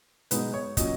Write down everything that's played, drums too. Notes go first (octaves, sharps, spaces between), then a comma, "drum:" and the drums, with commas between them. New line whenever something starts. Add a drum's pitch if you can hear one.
B2 G#3 B3 D#4 B4, drum: hi-hat
C#5
A#2 F#3 C#4 D#5, drum: kick, hi-hat